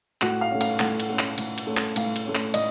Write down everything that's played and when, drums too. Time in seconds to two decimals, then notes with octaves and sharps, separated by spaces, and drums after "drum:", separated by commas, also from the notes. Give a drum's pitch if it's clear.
0.22 A2 F#4, drum: clap
0.41 F5
0.51 A3 C#4
0.61 F5, drum: cymbal
0.80 A2 F#5, drum: clap
1.00 drum: cymbal
1.10 A3 C#4
1.19 drum: clap
1.38 A2, drum: cymbal
1.58 drum: cymbal
1.67 A3 C#4
1.77 drum: clap
1.96 A2 F5, drum: cymbal
2.16 drum: cymbal
2.26 A3 C#4
2.35 drum: clap
2.54 A2 D#5, drum: cymbal